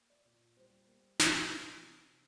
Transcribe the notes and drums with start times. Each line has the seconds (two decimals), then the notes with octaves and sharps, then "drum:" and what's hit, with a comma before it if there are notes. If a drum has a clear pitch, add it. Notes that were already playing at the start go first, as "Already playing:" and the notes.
Already playing: A#3
0.10 D5
0.25 A#2
0.57 G3 C5
0.87 A#3
1.19 A#2, drum: snare
1.51 C3
1.82 C3